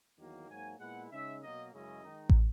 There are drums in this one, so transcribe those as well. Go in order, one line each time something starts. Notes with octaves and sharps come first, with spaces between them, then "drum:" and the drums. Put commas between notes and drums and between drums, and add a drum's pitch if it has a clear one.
E2 D#3 F#3 A#3
G#2 F#3 A#3 G#5
A#2 G#3 B3 E4 F#5
C#3 G#3 D#4 E5
B2 F#3 A#3 D#5
F#2 C#3 G#3 C#4 E4 D#5
D#3 G#3 D#4
drum: kick A1